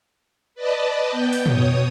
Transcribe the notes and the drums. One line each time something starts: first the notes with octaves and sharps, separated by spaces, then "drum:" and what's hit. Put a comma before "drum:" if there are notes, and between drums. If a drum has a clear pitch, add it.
B4 D5 D#5 A5
B3 G5 G6
drum: open hi-hat
B2 C#5 D#6, drum: tom